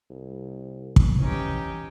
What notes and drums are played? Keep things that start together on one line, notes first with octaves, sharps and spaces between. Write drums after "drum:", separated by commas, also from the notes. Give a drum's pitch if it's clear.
C2
drum: kick
E3 C#4 D#4 G4